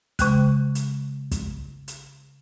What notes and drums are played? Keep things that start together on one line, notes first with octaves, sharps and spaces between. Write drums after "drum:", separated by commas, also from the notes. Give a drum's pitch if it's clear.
C#3 G#3 F#6, drum: kick, hi-hat
drum: hi-hat
drum: kick, hi-hat
drum: hi-hat